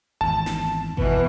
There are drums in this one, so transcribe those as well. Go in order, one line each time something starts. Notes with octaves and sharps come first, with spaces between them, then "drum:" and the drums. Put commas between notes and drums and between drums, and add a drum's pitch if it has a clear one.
G#1 E2 A5
drum: snare
B2 E3 B3 B4, drum: kick G#1